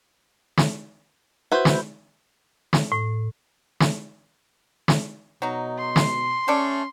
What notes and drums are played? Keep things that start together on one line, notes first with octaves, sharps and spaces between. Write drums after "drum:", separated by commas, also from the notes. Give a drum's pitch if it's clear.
drum: snare
E4 F#4 B4 C5 G6
drum: snare
drum: snare
A2
drum: snare
drum: snare
B2 F#3 D#4
C6
drum: snare
A3 C#4 A4 D5